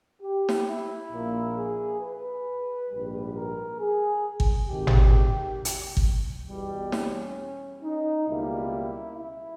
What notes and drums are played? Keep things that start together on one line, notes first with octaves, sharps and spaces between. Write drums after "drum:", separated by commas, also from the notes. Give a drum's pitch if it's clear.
G4
drum: snare
E4
A#1 A#2 A#3
G#4
B4
A#1 G#2 G3
A#4
G#4
drum: kick G#1
G#1 G#2 D#3 G4
drum: tom G#1
drum: hi-hat
drum: kick G#1
E2 B2 G3
C#4, drum: snare
D#4
C#2 B2 G3 A#3 E4
E4